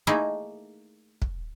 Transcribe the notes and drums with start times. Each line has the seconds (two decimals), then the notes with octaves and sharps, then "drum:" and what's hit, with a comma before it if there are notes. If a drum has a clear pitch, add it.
0.07 A3 A#3 D#4 E4 G#4
1.22 drum: kick